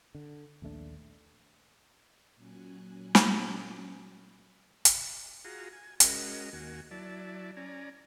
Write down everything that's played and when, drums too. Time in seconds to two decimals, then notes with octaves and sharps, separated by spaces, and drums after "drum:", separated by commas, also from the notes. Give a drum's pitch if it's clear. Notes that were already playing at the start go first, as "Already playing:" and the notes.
0.15 D3
0.62 A#1 D#2 A3 D4
2.36 A#2 F#3 C#4 G#5 F#6
3.15 drum: snare
4.85 drum: hi-hat
5.45 F4 F#4 G#4 A#5
5.72 G#5
6.00 G#3 C#4 F#4 A#4 D#5, drum: hi-hat
6.53 D#2 A#3 F#4 G#5
6.91 F#3 E4 D5 A5
7.57 C#4 D5 G#5 A#5